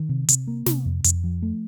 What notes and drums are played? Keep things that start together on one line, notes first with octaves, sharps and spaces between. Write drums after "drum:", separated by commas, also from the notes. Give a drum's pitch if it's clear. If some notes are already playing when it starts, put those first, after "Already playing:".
Already playing: D#3
C3
C3, drum: hi-hat
A#3
C3, drum: snare
F2
F2, drum: hi-hat
F3
A3